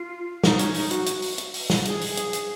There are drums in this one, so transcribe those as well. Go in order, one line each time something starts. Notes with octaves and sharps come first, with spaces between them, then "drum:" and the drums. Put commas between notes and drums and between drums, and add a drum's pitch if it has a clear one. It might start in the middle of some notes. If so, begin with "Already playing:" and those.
Already playing: F4
D#4, drum: snare
C#4, drum: hi-hat
D#4, drum: open hi-hat
F#4, drum: hi-hat
drum: hi-hat
drum: open hi-hat
drum: hi-hat
drum: open hi-hat
drum: snare
G#4, drum: hi-hat
drum: open hi-hat
drum: hi-hat
drum: hi-hat